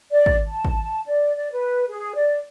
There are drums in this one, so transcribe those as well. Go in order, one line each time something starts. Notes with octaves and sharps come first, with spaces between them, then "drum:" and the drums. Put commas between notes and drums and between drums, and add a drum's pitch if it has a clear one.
D5
drum: kick
A5
drum: kick
D5
D5
B4
G#4
D5